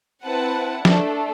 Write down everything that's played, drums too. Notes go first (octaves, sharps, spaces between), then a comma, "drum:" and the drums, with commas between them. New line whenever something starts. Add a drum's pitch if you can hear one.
C4 E4 B4 F#5 A5
A3 D4 A4, drum: snare F3